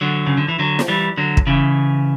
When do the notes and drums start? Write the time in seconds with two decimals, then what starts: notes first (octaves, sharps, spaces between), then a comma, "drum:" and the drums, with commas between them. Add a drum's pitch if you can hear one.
0.01 D3 F#3
0.26 C#3
0.37 D3
0.48 E3
0.59 D3 F#3
0.79 drum: snare
0.88 E3 G3
1.17 D3 F#3
1.37 drum: kick
1.47 C#3 E3